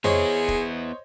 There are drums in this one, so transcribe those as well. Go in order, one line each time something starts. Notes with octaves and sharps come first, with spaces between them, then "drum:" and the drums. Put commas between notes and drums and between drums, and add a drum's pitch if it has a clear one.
B3 E4 G#4 C5 C#5 D#5, drum: tom F2
drum: kick